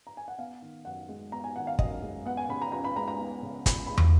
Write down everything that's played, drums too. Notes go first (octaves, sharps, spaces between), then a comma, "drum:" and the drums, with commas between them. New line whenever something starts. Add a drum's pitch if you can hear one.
A#5
G#5
F#5
B3 F5
D#3
F#2 F#5
G#3
B3 A#5
G#5
D#3 F#5
F5
F#2 D#5, drum: kick
G#3
B3 F#5
G#5
C#3 B5
A#5
C#2 A#5
B5
G#3 A#5
A#5
B3
C#3
C#2 B5, drum: kick, hi-hat
G#3 B5
drum: tom